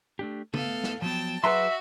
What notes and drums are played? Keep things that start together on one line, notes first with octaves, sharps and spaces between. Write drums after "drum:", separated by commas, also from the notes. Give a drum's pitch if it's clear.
A3 D4 G4
A3 B3 A4 F5, drum: tom C#3
drum: snare
F3 F#3 B3 G5 A5
F#3 F#4 G#4 B4 E5 F#5 A#5 C6